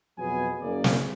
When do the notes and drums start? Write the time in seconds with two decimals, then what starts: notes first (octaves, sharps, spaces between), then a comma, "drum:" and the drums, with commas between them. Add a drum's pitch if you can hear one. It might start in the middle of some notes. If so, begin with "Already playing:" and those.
0.19 F2 B2 F#3 B3 G#4 G#5
0.62 F#1 C#3 A#3 G#4 D5
0.84 drum: snare